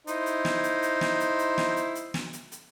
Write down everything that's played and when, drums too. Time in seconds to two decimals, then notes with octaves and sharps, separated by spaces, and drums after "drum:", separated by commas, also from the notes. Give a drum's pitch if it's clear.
0.07 D#4 E4 C5, drum: hi-hat
0.26 drum: hi-hat
0.45 drum: snare
0.64 drum: hi-hat
0.82 drum: hi-hat
1.01 drum: snare
1.20 drum: hi-hat
1.39 drum: hi-hat
1.58 drum: snare
1.76 drum: hi-hat
1.95 drum: hi-hat
2.14 drum: snare
2.33 drum: hi-hat
2.52 drum: hi-hat